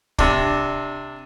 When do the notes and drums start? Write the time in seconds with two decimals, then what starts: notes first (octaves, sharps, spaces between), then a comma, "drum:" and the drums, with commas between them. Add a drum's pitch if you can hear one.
0.19 C3 D4, drum: kick